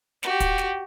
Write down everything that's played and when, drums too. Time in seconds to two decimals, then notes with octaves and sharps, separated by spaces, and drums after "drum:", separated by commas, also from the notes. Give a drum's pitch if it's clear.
0.23 F#4 G4, drum: snare
0.40 drum: kick, hi-hat
0.58 drum: snare